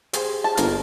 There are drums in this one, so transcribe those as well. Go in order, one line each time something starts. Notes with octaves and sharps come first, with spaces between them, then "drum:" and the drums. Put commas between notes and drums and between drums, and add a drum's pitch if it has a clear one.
G4 G#4 C5, drum: hi-hat
A5
G1 A#3, drum: hi-hat